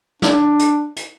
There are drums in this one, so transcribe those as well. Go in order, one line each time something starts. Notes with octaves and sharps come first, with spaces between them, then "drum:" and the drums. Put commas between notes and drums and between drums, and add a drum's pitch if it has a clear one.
D4, drum: snare
drum: hi-hat
drum: hi-hat